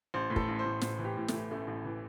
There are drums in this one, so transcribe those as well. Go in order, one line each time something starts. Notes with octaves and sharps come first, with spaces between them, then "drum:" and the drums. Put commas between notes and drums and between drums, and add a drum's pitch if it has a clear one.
A1 C5
A2
A4, drum: kick
A1
C5
A2
A1 C5, drum: snare
E3
G4
A2
E3 A3, drum: snare
A1 A3
A1
E3